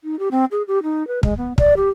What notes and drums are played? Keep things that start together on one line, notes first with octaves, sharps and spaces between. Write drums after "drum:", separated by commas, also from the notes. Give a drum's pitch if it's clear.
D#4
G4
C4
G#4
G4
D#4
B4
G#3, drum: kick
B3
D5, drum: kick
G4